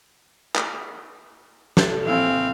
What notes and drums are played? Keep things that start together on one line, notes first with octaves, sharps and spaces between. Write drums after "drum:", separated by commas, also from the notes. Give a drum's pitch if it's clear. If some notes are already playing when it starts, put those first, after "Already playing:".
drum: clap
A4, drum: snare
A#1 C4 E4 F5 G#5